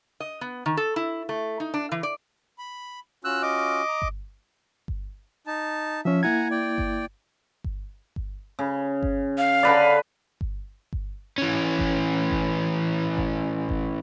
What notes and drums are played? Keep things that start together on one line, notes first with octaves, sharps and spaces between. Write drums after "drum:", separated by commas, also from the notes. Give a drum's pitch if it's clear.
D#5
B3
D#3
A4
E4
A3
D#4
D4
E3
D5
B5
C#4 F4 F#4 E6 F#6
D#5 D6
A#5
drum: kick G1
drum: kick G1
D#4 A5
F3 C#4 E5
A#3 E4 F#5 G#5 A#5 G#6
D5 G5
drum: kick G1
drum: kick G1
drum: kick G1
C#3
drum: kick G1
F5
D3 B4 D5
drum: kick G1
drum: kick G1
E3 C#4
drum: kick G1
drum: kick G1
drum: kick G1
drum: kick G1